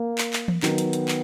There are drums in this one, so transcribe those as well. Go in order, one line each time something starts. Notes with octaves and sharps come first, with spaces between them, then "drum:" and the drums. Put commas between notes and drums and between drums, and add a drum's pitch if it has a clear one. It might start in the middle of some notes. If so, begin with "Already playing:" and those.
Already playing: A#3
drum: clap
drum: clap
drum: tom E3
D#3 F#3 B3, drum: clap
drum: hi-hat
drum: hi-hat
drum: clap